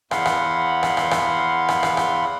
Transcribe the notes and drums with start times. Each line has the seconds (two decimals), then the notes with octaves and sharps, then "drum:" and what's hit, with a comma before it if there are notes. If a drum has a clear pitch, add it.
0.11 E2 F5 F#5 B5 C6, drum: rim click
0.25 drum: rim click
0.83 drum: rim click
0.97 drum: rim click
1.11 drum: rim click
1.69 drum: rim click
1.83 drum: rim click
1.97 drum: rim click